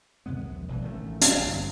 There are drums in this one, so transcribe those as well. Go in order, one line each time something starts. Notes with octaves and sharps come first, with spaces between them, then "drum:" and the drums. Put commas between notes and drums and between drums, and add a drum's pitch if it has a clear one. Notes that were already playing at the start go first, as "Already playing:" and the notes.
D#2 C3 G#3 B3
A#1
E1 C2 E3
A1 D#3 G#3 A3
A#1, drum: hi-hat
G1